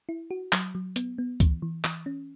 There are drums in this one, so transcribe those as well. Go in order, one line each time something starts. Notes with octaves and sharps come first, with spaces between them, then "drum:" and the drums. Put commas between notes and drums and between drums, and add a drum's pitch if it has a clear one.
E4
F#4
F#3, drum: clap
F#3
B3, drum: hi-hat
B3
E3, drum: kick C#2, hi-hat
E3
E3, drum: clap
C#4